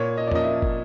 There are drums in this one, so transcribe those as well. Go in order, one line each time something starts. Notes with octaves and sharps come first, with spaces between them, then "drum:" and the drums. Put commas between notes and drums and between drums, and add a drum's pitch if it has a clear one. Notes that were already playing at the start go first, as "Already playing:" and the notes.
Already playing: A#2 C#5
D#5
D5
F3 A#3 C#4 D#5, drum: tom
E5
drum: kick